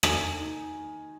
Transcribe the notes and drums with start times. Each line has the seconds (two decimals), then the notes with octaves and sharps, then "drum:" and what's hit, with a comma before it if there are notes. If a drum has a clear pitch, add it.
0.03 D#3 G#5, drum: rim click
0.38 D#4